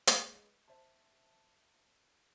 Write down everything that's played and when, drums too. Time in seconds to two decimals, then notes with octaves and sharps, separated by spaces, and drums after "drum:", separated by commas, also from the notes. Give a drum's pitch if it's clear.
0.07 G#3 B4 C#5 D#5, drum: hi-hat
0.68 C5 E5 A5